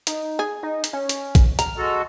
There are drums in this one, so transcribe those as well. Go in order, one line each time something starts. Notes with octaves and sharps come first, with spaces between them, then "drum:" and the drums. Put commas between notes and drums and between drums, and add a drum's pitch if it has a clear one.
D#4, drum: hi-hat
G#4
D#4
drum: hi-hat
C#4
drum: hi-hat
drum: kick, hi-hat
A#5 F6, drum: hi-hat
G#3 F#4 A4